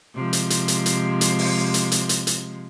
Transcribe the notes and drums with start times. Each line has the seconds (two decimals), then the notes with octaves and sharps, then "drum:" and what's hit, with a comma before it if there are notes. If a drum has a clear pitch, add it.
0.15 C3 F3 G#3
0.33 drum: hi-hat
0.50 drum: hi-hat
0.68 drum: hi-hat
0.86 drum: hi-hat
1.21 drum: hi-hat
1.39 drum: open hi-hat
1.74 drum: hi-hat
1.92 drum: hi-hat
2.09 drum: hi-hat
2.27 drum: hi-hat